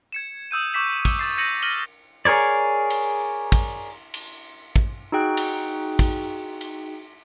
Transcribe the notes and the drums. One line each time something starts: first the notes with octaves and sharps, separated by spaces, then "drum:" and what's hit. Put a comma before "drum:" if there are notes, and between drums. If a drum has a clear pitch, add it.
G#6 C#7 E7
D#6 E6 G6 D#7
C#6 D6 G6 B6 E7
drum: kick, cymbal
D#6 A6 C7
G6 A#6 C#7 D#7 F#7
F6 A#6 D#7 F#7 G7
G#4 A#4 C#5 D5
drum: cymbal
drum: kick, cymbal
drum: cymbal
drum: kick
D#4 F#4 G#4 G5 F#6
drum: cymbal
drum: kick, cymbal
drum: cymbal